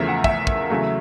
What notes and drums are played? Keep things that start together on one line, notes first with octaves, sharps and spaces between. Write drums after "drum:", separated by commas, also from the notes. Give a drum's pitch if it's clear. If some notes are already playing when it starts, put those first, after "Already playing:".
Already playing: E2 C#3 F3 A3 A#4 E5
F#5
E5, drum: kick
drum: kick
E2 C#3 F#3 A3